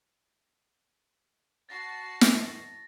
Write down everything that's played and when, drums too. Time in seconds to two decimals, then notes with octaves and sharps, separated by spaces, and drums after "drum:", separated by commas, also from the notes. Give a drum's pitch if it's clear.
1.69 F#4 A5 A6 A#6 C7
2.21 drum: snare